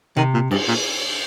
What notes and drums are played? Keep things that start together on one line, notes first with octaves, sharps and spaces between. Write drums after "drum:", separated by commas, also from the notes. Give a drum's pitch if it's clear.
C3 D#3
A#2
G2, drum: cymbal
A#2